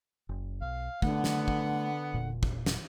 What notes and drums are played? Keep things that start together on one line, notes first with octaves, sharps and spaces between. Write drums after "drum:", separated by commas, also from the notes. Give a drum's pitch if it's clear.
F#1
B1 F5
D3 A3 B3 F#5, drum: kick
drum: snare
drum: kick
E1 A#2
drum: kick
drum: snare